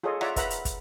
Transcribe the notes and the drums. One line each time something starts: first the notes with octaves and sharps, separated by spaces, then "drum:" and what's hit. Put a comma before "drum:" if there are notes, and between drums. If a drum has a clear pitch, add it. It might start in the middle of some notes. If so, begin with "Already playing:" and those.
F4 G#4 A4 C#5 D#5
F4 C#5 D5 E5 F#5 A#5, drum: rim click
A#4 B4 E5 F#5 A#5 B5, drum: kick, hi-hat
drum: hi-hat
drum: kick, hi-hat